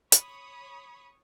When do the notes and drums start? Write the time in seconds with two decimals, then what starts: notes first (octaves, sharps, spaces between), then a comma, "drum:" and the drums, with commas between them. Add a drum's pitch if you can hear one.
0.12 C#5 B5 C#6 D#6, drum: hi-hat